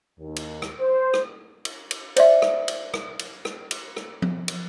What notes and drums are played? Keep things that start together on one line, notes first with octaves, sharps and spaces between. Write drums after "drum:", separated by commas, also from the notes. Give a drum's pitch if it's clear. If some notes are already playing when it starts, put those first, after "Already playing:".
D#2
drum: cymbal
drum: rim click
C5
drum: rim click
drum: cymbal
drum: cymbal
C5 D5 E5, drum: cymbal
drum: rim click
drum: cymbal
drum: rim click
drum: cymbal
drum: rim click
drum: cymbal
drum: rim click
drum: tom F3
drum: cymbal